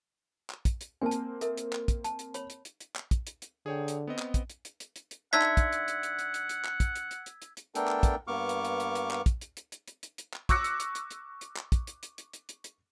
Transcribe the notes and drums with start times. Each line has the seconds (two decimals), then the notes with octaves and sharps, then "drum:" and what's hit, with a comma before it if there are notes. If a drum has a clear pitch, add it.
0.50 drum: clap
0.65 drum: kick, hi-hat
0.81 drum: hi-hat
1.01 A#3 C4 G#5 A5
1.11 drum: hi-hat
1.41 A4 A#4 E5, drum: hi-hat
1.58 drum: hi-hat
1.73 drum: clap
1.88 drum: kick, hi-hat
2.04 A5, drum: hi-hat
2.19 drum: hi-hat
2.34 C#5 B5, drum: hi-hat
2.50 drum: hi-hat
2.65 drum: hi-hat
2.80 drum: hi-hat
2.96 drum: clap
3.11 drum: kick, hi-hat
3.27 drum: hi-hat
3.42 drum: hi-hat
3.66 D3 G#4 C#5 G5
3.88 drum: hi-hat
4.07 B3 C4 D#5
4.19 drum: clap
4.34 drum: kick, hi-hat
4.50 drum: hi-hat
4.65 drum: hi-hat
4.80 drum: hi-hat
4.96 drum: hi-hat
5.11 drum: hi-hat
5.33 D3 D#4 E5 F#5 E6 G#6 B6
5.42 drum: clap
5.57 drum: kick, hi-hat
5.73 drum: hi-hat
5.88 drum: hi-hat
6.03 drum: hi-hat
6.19 drum: hi-hat
6.34 drum: hi-hat
6.49 drum: hi-hat
6.65 drum: clap
6.80 drum: kick, hi-hat
6.95 drum: hi-hat
7.11 drum: hi-hat
7.26 drum: hi-hat
7.42 drum: hi-hat
7.57 drum: hi-hat
7.75 A3 B3 D4 A4 A#4 G5, drum: hi-hat
7.88 drum: clap
8.03 drum: kick, hi-hat
8.28 G2 A#3 B3 C#6 D6 F6
8.49 drum: hi-hat
8.65 drum: hi-hat
8.80 drum: hi-hat
8.95 drum: hi-hat
9.11 drum: clap
9.26 drum: kick, hi-hat
9.41 drum: hi-hat
9.57 drum: hi-hat
9.72 drum: hi-hat
9.88 drum: hi-hat
10.03 drum: hi-hat
10.18 drum: hi-hat
10.34 drum: clap
10.49 C#6 D6 E6 F#6 A#6 C#7, drum: kick, hi-hat
10.64 drum: hi-hat
10.80 drum: hi-hat
10.95 drum: hi-hat
11.11 drum: hi-hat
11.41 drum: hi-hat
11.57 drum: clap
11.72 drum: kick, hi-hat
11.87 drum: hi-hat
12.03 drum: hi-hat
12.18 drum: hi-hat
12.33 drum: hi-hat
12.49 drum: hi-hat
12.64 drum: hi-hat